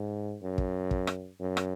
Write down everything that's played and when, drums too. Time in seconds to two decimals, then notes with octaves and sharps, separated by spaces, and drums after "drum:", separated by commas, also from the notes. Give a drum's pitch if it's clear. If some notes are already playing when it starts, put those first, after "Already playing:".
Already playing: G#2
0.41 F#2
0.58 drum: kick
0.91 drum: kick
1.07 drum: rim click
1.41 F#2
1.57 drum: rim click